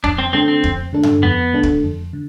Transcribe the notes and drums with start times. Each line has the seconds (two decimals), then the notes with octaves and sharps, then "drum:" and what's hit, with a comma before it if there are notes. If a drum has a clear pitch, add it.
0.04 F2 D4, drum: kick
0.18 C4
0.33 D3 A3 C4 D4 A4
0.48 C4
0.63 F2, drum: kick
0.93 D3 A3 D4 A4
1.03 drum: tom G2
1.23 F2 B3
1.53 D3 A3 D4 A4
1.63 drum: kick
1.83 F2
2.13 D3